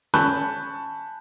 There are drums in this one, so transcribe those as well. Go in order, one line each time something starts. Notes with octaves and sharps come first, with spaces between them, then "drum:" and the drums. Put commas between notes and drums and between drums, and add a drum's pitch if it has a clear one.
G#5 A5 B5 C#6 F#6 G6, drum: snare C#4